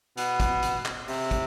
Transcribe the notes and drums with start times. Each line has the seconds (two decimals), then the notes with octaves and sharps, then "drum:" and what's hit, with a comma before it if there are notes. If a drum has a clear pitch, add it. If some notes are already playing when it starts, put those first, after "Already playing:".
0.17 B2, drum: hi-hat
0.40 drum: kick, hi-hat
0.63 drum: hi-hat
0.85 drum: clap
1.08 C3, drum: open hi-hat
1.31 drum: kick, hi-hat